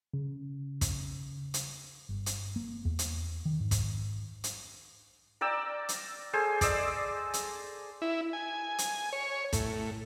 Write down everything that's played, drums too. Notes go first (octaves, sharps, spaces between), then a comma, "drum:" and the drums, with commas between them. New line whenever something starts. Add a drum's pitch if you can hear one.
C#3
drum: kick, hi-hat
drum: hi-hat
G1
drum: hi-hat
A#3
E2
drum: hi-hat
D#3
G#2
drum: kick, hi-hat
drum: hi-hat
A#4 D5 G5 E6
drum: hi-hat
G#4 A4 C5 G#5
D5 D#5 E6, drum: kick, hi-hat
drum: hi-hat
E4
G#5
drum: hi-hat
C#5
A2, drum: kick, hi-hat